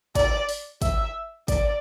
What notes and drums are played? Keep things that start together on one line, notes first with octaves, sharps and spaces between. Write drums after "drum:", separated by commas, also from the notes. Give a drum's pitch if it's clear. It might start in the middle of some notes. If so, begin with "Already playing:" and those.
D5, drum: kick, hi-hat
drum: open hi-hat
E5, drum: kick, hi-hat
D5, drum: kick, hi-hat